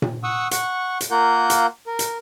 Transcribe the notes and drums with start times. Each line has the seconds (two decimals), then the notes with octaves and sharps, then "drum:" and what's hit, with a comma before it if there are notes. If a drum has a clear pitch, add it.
0.02 drum: tom A#2
0.24 F#5 C#6 D#6 E6
0.51 F#5 C#6, drum: hi-hat
1.01 drum: hi-hat
1.11 A#3 F4 A#4 F#5 G6
1.50 drum: hi-hat
1.87 A#4
1.99 drum: hi-hat